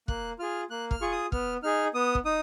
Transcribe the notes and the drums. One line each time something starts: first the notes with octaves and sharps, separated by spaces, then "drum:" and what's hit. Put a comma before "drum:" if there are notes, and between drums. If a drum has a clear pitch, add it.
A#3 F#6, drum: kick
F4 G#4 F6
A#3 F#6
F6, drum: kick
F4 G#4 C#6
D#6
B3 F6, drum: kick
D#4 G#4 F6
B3 D#6
drum: kick
D#4 D#6